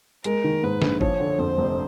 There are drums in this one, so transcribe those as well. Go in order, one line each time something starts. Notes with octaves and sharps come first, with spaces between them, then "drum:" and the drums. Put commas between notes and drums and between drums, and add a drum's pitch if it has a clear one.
G#3 A#4, drum: hi-hat
D#3
G#2 B4
A#1, drum: snare
F3 C#5, drum: kick
D3
F2 C5
F1